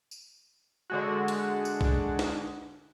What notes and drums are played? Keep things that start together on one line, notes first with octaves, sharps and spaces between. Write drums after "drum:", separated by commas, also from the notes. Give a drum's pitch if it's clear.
drum: tambourine
D3 G#3 F#4
drum: hi-hat
drum: tambourine
drum: kick B1
drum: snare